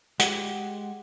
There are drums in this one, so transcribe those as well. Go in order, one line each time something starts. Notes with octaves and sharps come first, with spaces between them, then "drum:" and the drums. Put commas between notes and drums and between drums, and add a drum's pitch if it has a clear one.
G#3 G4 F#5, drum: hi-hat